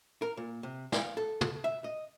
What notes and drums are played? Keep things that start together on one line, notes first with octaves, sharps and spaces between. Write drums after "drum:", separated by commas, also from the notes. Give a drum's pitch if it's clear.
A#4
A#2
C3
F5, drum: snare
A4
drum: tom
E5
D#5